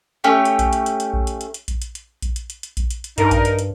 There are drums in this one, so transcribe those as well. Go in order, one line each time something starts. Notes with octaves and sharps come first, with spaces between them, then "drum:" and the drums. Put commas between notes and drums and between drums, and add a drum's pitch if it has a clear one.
A3 C#4 G4 C#5
drum: hi-hat
drum: kick A#1, hi-hat
drum: hi-hat
drum: hi-hat
drum: hi-hat
drum: kick A#1
drum: hi-hat
drum: hi-hat
drum: hi-hat
drum: kick A#1, hi-hat
drum: hi-hat
drum: hi-hat
drum: kick A#1, hi-hat
drum: hi-hat
drum: hi-hat
drum: hi-hat
drum: kick A#1, hi-hat
drum: hi-hat
drum: hi-hat
G2 D#4 A#4, drum: hi-hat
drum: kick A#1, hi-hat
drum: hi-hat
drum: hi-hat